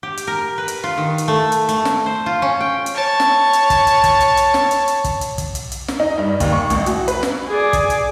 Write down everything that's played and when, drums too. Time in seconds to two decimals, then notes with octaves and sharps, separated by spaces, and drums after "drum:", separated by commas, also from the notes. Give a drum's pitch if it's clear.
0.03 G4
0.17 drum: hi-hat
0.27 A#4
0.58 B4
0.68 drum: hi-hat
0.84 F4
0.97 D#3
1.18 drum: hi-hat
1.28 A3
1.52 drum: hi-hat
1.69 A3, drum: hi-hat
1.85 drum: snare
2.06 C5
2.26 F4
2.42 C#4
2.61 G5
2.86 drum: hi-hat
2.95 C#5 A5
3.20 drum: snare
3.53 drum: hi-hat
3.70 drum: kick, hi-hat
3.87 drum: hi-hat
4.04 drum: kick, hi-hat
4.20 drum: hi-hat
4.37 drum: hi-hat
4.54 drum: snare
4.71 drum: hi-hat
4.88 drum: hi-hat
5.04 drum: kick, hi-hat
5.21 drum: hi-hat
5.38 drum: kick, hi-hat
5.55 drum: hi-hat
5.72 drum: hi-hat
5.88 drum: snare
6.00 D#4
6.18 G2
6.40 D#2, drum: kick, hi-hat
6.52 C#6
6.70 A1, drum: kick, hi-hat
6.86 F#4, drum: hi-hat
7.08 B4, drum: hi-hat
7.23 drum: snare
7.48 G#4 D5
7.73 drum: kick, hi-hat
7.90 drum: hi-hat